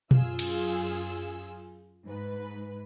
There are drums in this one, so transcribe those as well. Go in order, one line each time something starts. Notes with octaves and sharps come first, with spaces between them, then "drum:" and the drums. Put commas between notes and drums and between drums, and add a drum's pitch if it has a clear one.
F#2 F4 G#4 E6, drum: tom B2
drum: cymbal
G#2 B4